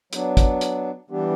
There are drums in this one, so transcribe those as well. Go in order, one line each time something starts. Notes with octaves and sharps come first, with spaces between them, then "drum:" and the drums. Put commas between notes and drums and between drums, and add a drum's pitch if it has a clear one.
F#3 B3 D4, drum: hi-hat
drum: kick, hi-hat
drum: hi-hat
E3 G3 B3 D4 G4